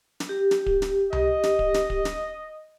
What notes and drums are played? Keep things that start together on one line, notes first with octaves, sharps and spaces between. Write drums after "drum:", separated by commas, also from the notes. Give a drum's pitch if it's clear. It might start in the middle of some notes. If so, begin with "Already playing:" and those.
drum: snare
G4
drum: snare
drum: kick D1
drum: snare
D#5, drum: tom C2
drum: snare
drum: kick D1
drum: snare
drum: kick D1
drum: snare